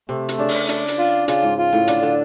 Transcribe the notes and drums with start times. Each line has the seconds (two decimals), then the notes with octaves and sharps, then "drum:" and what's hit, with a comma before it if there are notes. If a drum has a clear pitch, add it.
0.09 C3 A3
0.29 drum: hi-hat
0.38 C#3 D4
0.48 drum: open hi-hat
0.69 D4, drum: hi-hat
0.88 drum: hi-hat
0.98 F4
1.28 C#3 F4, drum: hi-hat
1.43 G#2
1.58 F4
1.73 A2
1.88 D3 D4, drum: hi-hat
2.03 D3